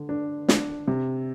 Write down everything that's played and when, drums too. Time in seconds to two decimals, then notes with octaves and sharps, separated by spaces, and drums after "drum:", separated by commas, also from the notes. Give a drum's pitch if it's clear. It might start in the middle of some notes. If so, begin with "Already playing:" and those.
Already playing: D3
0.09 D4
0.48 D4, drum: snare
0.88 C3